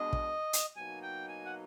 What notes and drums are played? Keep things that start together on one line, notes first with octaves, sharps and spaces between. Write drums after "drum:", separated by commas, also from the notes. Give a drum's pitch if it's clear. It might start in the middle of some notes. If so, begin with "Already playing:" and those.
Already playing: B2 G#3 B3 D4 D#5
drum: kick
drum: hi-hat
B2 F#3 A#3 D#4 G#5
G5
G#5
F#5